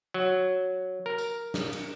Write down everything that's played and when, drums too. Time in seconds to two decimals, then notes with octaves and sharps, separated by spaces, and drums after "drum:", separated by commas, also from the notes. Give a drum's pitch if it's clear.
0.14 F#3
1.06 A#4
1.18 drum: tambourine
1.54 drum: snare
1.73 drum: cymbal